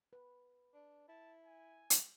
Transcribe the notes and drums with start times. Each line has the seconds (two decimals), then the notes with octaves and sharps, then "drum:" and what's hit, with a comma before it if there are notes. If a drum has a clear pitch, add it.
0.13 B4
0.74 D4
1.09 E4 A5
1.45 G#5
1.90 drum: hi-hat